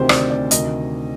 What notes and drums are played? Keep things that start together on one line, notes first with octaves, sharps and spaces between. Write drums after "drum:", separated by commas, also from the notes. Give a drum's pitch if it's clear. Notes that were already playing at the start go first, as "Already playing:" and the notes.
Already playing: D2 C3 D#3 G4 C5
D5, drum: rim click
D5
D2 C3 D#3 D#5, drum: hi-hat